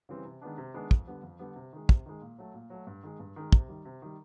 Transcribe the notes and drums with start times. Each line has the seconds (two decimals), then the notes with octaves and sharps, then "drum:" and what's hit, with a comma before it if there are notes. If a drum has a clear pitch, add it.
0.09 C#3 E3 G3 C4
0.25 C3
0.41 D#3 G#3 B3 D4
0.58 C3
0.74 D#3 G#3 B3 D4
0.91 F2, drum: kick
1.07 D3 G3 B3
1.23 F2
1.39 D3 G3 B3
1.56 C3
1.73 D#3 G#3
1.89 C3, drum: kick
2.06 D#3 G#3
2.22 A#2
2.38 F#3 A3
2.54 A#2
2.70 F#3 A3
2.87 G2
3.03 D#3 G#3
3.19 G2
3.36 D#3 G#3
3.52 C3, drum: kick
3.68 D#3 G3
3.85 C3
4.02 D#3 G3